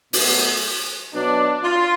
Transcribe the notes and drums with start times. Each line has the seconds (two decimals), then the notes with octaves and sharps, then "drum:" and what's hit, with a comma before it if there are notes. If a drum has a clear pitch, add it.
0.13 B2 F#3 A3, drum: open hi-hat
1.14 B2 F#3 D4
1.64 F4